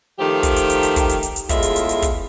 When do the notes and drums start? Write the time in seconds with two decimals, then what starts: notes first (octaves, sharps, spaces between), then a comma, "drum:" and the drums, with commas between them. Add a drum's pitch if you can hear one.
0.19 D#3 F3 A3 G4
0.43 drum: kick, hi-hat
0.56 drum: hi-hat
0.70 drum: hi-hat
0.83 drum: hi-hat
0.96 drum: kick, hi-hat
1.09 drum: hi-hat
1.23 drum: hi-hat
1.36 drum: hi-hat
1.49 E2 A2 G#3 F4 E5, drum: kick, hi-hat
1.62 drum: hi-hat
1.76 drum: hi-hat
1.89 drum: hi-hat
2.02 drum: kick, hi-hat